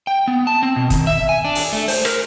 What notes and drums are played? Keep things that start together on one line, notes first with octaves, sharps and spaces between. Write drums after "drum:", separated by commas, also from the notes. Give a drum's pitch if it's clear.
G5
B3
A5
C4
B2
D#3, drum: kick, hi-hat
E5
G#5
D4
drum: open hi-hat
A3
C5, drum: open hi-hat
A#4, drum: rim click